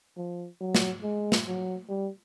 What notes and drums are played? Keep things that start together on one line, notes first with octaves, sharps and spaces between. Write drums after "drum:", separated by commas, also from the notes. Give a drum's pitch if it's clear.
F3
F#3
drum: snare
G#3
drum: snare
F#3
G3